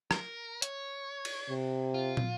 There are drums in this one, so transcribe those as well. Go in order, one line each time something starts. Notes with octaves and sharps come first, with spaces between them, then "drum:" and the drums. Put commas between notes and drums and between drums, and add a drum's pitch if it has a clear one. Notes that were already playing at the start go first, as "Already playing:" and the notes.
A#4, drum: rim click
C#5, drum: hi-hat
drum: cymbal
C3
F4
drum: tom